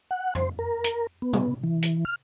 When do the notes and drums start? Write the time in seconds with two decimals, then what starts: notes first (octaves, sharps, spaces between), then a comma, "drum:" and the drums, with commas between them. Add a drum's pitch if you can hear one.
0.11 F#5
0.35 C5, drum: tom F2
0.59 A#4
0.84 drum: hi-hat
1.22 B3
1.33 drum: tom
1.64 E3
1.82 drum: hi-hat
2.05 F6